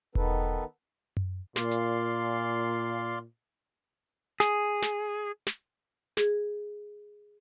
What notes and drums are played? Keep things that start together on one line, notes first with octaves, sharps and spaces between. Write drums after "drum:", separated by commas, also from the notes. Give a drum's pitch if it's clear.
D#3 B3 D#4 A4 B4, drum: kick E1
drum: tom F#2
A#2 D5 F5 C6, drum: snare
drum: hi-hat
G#4, drum: snare
drum: snare
drum: snare
G#4, drum: snare